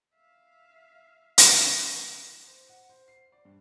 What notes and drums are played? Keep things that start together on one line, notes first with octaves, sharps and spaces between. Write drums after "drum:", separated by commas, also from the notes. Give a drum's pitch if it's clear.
E5 F5
drum: hi-hat
C5
F#5
C5
C7
D5
G2